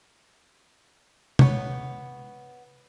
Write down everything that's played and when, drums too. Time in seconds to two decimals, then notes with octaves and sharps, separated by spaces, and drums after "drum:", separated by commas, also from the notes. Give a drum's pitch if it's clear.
1.39 B3 C#5, drum: tom C3